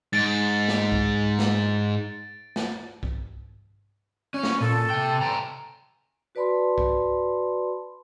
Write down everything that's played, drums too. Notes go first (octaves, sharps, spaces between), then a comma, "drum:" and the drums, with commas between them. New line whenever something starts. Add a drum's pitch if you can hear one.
G#2 A6 D7
drum: snare
drum: kick B1
drum: snare
drum: snare
drum: kick B1
C#4 C#6
drum: snare
A#2 A4
C3 G5
G5 G#5 A#5
F#4 B4 D5 A5 B5 C6
drum: kick B1